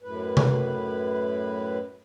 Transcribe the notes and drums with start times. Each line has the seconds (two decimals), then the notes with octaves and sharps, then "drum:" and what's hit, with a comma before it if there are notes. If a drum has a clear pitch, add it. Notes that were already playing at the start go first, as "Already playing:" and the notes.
0.03 F#2 A2 B4
0.37 drum: tom C3